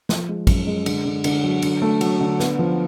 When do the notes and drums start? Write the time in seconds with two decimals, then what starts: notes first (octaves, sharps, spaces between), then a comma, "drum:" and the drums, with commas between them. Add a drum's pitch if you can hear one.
0.09 F3, drum: snare
0.29 G#3
0.47 F#2, drum: kick, cymbal
0.67 G#3
0.86 D3, drum: cymbal
1.05 D3
1.24 D3, drum: cymbal
1.44 F#3
1.62 D3, drum: cymbal
1.82 A3
2.01 F#3, drum: cymbal
2.21 D3
2.40 B3, drum: snare
2.59 F3